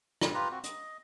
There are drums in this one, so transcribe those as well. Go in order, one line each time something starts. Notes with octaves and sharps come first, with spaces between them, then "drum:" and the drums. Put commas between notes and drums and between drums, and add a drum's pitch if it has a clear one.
drum: rim click
F4 G4 B4 A#5
C4 F#4
D#5, drum: hi-hat